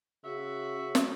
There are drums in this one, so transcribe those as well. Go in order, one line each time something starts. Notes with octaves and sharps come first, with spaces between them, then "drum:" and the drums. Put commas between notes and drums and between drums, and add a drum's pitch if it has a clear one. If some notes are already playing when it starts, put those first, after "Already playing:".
C#3 F#4 E5
drum: snare